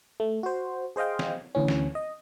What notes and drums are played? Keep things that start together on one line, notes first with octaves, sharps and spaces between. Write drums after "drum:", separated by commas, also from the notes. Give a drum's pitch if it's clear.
A3
F#4 C5
G#4 C5 D#5 F5 G5
drum: snare
D2 E3 C#4
drum: snare
D#5